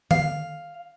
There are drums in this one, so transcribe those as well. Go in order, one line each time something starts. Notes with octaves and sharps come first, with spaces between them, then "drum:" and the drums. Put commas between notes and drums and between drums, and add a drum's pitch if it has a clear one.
F5, drum: tom D#3